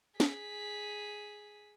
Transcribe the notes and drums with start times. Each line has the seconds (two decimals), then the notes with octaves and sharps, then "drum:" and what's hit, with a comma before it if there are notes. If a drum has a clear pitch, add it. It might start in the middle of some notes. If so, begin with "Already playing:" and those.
0.20 G#4 B6, drum: snare